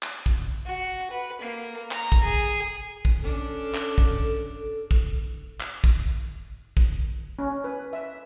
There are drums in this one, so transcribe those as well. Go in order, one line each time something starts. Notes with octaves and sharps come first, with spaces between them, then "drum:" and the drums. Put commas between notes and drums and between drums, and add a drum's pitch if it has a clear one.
drum: clap
drum: kick
F#4
B4
A#3
A#5, drum: clap
drum: kick
G#4
drum: kick
C#4 D4 A4
drum: clap
drum: kick
drum: kick
drum: clap
drum: kick
drum: kick
C#4
B4
E5